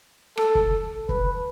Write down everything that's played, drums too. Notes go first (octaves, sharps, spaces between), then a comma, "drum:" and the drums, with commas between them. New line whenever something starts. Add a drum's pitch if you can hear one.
A4, drum: rim click
drum: kick
B4, drum: kick